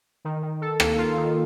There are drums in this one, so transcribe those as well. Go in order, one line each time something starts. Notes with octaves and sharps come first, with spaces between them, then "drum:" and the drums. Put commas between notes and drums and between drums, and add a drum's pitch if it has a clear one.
D#3
D#3
A4
A#3, drum: rim click
F4
D#3